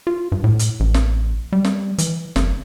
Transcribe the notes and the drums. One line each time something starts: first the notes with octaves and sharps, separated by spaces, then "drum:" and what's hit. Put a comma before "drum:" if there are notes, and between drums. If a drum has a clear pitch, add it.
F4
G2
A2
drum: hi-hat
A1
drum: snare
G3
drum: snare
E3, drum: hi-hat
F#1, drum: snare